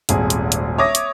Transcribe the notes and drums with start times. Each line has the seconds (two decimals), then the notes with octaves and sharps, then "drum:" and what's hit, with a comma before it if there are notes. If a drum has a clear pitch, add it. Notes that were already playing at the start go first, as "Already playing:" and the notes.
0.09 D#1 G#1 G#4, drum: hi-hat
0.30 drum: hi-hat
0.52 drum: hi-hat
0.78 C#5 E5 D6 D#6 A#6
0.95 drum: hi-hat